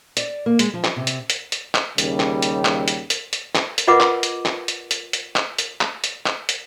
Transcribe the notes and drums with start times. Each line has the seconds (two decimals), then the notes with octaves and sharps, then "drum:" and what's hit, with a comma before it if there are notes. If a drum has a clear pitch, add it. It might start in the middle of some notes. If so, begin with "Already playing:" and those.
0.17 D5, drum: hi-hat
0.46 A#3
0.59 G#3, drum: hi-hat
0.74 F3
0.84 drum: clap
0.96 C3
1.07 drum: hi-hat
1.30 drum: hi-hat
1.52 drum: hi-hat
1.75 drum: clap
1.98 D#2 C#3 G3, drum: hi-hat
2.20 drum: clap
2.42 drum: hi-hat
2.65 drum: clap
2.88 drum: hi-hat
3.10 drum: hi-hat
3.33 drum: hi-hat
3.55 drum: clap
3.78 drum: hi-hat
3.87 F4 A#4 B4 D#5 F#5 D6
4.00 drum: clap
4.23 drum: hi-hat
4.46 drum: clap
4.68 drum: hi-hat
4.91 drum: hi-hat
5.13 drum: hi-hat
5.36 drum: clap
5.58 drum: hi-hat
5.81 drum: clap
6.04 drum: hi-hat
6.26 drum: clap
6.49 drum: hi-hat